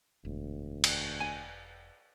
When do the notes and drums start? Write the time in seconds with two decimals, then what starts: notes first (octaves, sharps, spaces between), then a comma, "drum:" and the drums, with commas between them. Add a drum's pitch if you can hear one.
0.25 E1 D2
0.84 drum: cymbal
1.20 G#5